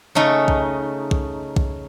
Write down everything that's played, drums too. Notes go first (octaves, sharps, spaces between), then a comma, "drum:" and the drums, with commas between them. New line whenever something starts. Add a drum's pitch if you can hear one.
C#3 A3 D#4
drum: kick B1
drum: kick B1
drum: kick B1